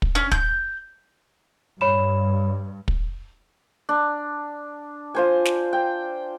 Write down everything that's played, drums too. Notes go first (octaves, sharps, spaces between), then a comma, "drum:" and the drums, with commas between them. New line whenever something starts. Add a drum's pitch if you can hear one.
drum: kick
C#4
G6, drum: kick
G2 C#5 B5 E7
drum: kick
D4
F4 C5 G#5
drum: snare
G5